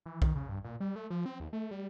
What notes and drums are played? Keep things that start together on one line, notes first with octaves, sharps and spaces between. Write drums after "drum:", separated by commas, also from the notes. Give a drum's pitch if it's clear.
E3
D#3, drum: kick B1
C#3
G2
A#2
G3
A3
F3
C4
D#2
A3
G3